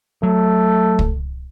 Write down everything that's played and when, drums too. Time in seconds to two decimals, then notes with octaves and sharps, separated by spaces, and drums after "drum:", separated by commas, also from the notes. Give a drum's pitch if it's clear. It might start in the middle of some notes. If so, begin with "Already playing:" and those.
0.23 F#3 A3
0.99 drum: kick